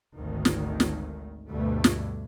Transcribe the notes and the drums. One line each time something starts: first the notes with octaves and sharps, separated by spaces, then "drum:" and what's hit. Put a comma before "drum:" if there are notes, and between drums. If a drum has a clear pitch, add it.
G#1 D2 D#3
drum: snare
drum: snare
D2 G2 B2 G3 A3
drum: snare